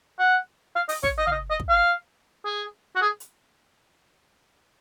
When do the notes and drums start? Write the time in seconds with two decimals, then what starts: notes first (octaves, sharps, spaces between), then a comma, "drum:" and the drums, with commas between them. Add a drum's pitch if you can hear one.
0.19 F#5
0.76 F5
0.89 D#5, drum: open hi-hat
1.03 C#5, drum: kick
1.18 D#5
1.27 F5, drum: tom
1.32 D#5
1.50 D#5
1.60 drum: kick
1.69 F5
2.45 G#4
2.96 F#4
3.02 G#4
3.20 drum: hi-hat